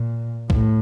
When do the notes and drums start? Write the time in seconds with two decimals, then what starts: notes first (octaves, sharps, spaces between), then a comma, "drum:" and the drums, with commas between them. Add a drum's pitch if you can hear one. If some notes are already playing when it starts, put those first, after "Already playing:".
Already playing: A#2
0.50 A2, drum: kick C2